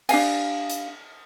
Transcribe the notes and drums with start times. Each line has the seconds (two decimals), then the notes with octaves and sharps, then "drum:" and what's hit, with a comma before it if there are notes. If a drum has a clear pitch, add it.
0.09 D4 G4 F5 G#5, drum: cymbal
0.70 drum: hi-hat